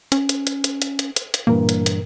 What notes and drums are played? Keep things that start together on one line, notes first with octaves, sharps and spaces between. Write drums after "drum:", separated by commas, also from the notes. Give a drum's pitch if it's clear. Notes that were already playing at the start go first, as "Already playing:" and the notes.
C#4, drum: hi-hat
drum: hi-hat
drum: hi-hat
drum: hi-hat
drum: hi-hat
drum: hi-hat
drum: hi-hat
drum: hi-hat
G2 A#2 E3 A#3 A#4
drum: hi-hat
drum: hi-hat